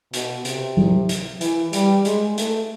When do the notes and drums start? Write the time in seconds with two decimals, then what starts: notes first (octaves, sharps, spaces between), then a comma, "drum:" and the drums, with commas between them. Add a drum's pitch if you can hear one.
0.13 B2, drum: hi-hat
0.45 C3, drum: hi-hat
0.77 drum: tom F#3
1.09 drum: hi-hat
1.41 E3, drum: hi-hat
1.73 G3, drum: hi-hat
2.05 G#3, drum: hi-hat
2.38 A3, drum: hi-hat